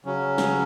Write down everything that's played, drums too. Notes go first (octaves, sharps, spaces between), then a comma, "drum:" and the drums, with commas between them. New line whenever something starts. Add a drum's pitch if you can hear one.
C#3 F#3 C#4
drum: snare